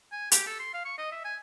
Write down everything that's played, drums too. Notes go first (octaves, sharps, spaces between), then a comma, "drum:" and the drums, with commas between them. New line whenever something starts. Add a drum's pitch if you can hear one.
G#5
G4, drum: hi-hat
A4
C6
F5
C#6
D#5
E5
G#5